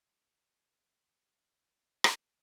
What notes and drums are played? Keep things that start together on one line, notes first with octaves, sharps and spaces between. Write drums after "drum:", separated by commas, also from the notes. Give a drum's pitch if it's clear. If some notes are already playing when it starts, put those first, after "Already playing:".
E4 F#5 C#6
drum: rim click